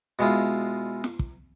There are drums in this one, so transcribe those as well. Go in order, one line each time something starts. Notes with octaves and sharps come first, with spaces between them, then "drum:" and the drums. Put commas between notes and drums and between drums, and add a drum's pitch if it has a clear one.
B2 G#3 E4 F4
drum: snare
drum: kick